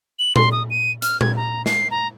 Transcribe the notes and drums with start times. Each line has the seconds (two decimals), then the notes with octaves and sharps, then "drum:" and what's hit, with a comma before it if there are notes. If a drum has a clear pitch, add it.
0.19 F#7
0.36 C6, drum: tom A#2
0.52 D#6
0.70 D#7
1.02 F6, drum: hi-hat
1.21 G#6, drum: tom A#2
1.37 A#5
1.66 C7, drum: snare
1.91 A#5